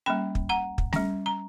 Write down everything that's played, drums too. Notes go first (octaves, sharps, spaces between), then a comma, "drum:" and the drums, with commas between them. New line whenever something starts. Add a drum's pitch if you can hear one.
G3 A#3 C#4 G5 B5
drum: kick
F#5 A#5
drum: kick
G3 C#4, drum: snare A3
A#5